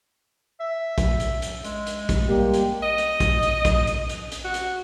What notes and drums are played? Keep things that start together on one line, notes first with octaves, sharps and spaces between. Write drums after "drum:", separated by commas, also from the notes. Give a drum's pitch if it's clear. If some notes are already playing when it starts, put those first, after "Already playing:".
E5
drum: kick A#1, hi-hat
drum: hi-hat
drum: hi-hat
G#3, drum: hi-hat
drum: hi-hat
drum: kick A#1, hi-hat
G3 A#3 G4
drum: hi-hat
D#5
drum: hi-hat
drum: kick A#1, hi-hat
drum: hi-hat
drum: kick A#1, hi-hat
drum: hi-hat
drum: hi-hat
drum: hi-hat
F#4
drum: hi-hat